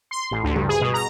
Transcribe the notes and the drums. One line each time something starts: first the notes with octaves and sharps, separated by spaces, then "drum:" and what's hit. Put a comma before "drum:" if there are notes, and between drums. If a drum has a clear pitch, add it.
C6
A1
D2
G2, drum: tom C#3
G#4
B2
A#5